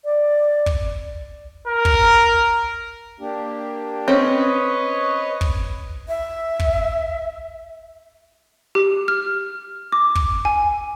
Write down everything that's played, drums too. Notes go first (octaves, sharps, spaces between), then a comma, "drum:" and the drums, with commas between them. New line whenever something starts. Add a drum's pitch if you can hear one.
D5
drum: kick
A#4
drum: kick
A#3 D4 G4
C4 C#4 B4 C#5 D#5
drum: kick
E5
drum: kick
G4
F6
D6
drum: kick
G#5